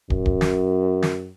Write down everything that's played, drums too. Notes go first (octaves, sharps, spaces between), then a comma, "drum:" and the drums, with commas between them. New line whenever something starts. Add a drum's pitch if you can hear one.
F#2, drum: kick
drum: kick
drum: snare
drum: snare